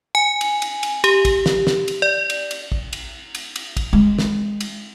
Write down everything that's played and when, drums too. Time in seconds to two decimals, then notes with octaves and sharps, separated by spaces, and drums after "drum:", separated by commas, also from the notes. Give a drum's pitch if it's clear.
0.15 G#5
0.41 drum: cymbal
0.62 drum: cymbal
0.83 drum: cymbal
1.04 G4, drum: cymbal
1.25 drum: kick, cymbal
1.46 drum: snare
1.67 drum: snare
1.88 drum: cymbal
2.02 D5
2.30 drum: cymbal
2.51 drum: cymbal
2.72 drum: kick
2.93 drum: cymbal
3.35 drum: cymbal
3.56 drum: cymbal
3.77 drum: kick, cymbal
3.93 G#3
4.19 drum: snare
4.60 drum: cymbal